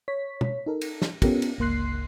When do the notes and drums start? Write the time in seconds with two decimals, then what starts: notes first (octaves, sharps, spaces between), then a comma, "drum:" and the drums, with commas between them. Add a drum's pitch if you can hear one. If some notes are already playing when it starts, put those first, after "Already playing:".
0.08 C#5 B6
0.41 drum: tom
0.66 D#4 A4 A#4
0.81 drum: cymbal
1.02 drum: snare
1.22 B3 C#4 F4 G4 A4 A#4, drum: kick, cymbal
1.42 drum: cymbal
1.58 G1 C#2 A#3 C6 F#6 C7